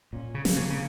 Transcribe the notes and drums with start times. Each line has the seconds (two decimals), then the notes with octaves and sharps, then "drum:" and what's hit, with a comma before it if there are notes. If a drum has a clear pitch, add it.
0.13 A#2 C#4
0.34 C#3
0.45 A#3, drum: snare
0.56 C#3
0.70 C#3